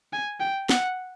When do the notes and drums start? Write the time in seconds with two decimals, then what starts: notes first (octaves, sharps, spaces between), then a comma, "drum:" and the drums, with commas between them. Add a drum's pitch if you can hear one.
0.13 G#5
0.40 G5
0.69 F#5, drum: snare